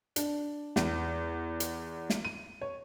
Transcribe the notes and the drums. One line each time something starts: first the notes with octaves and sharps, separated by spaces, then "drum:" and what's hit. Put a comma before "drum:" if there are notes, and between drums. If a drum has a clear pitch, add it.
D4, drum: hi-hat
E2, drum: snare
drum: hi-hat
drum: snare
D#7
C#5